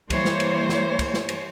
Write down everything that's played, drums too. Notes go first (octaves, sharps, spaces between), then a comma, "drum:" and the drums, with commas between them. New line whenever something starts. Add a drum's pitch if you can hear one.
E3 G3 A#3 C5 C#5, drum: kick, cymbal
drum: snare
drum: cymbal
drum: snare
drum: kick, cymbal
drum: snare
drum: cymbal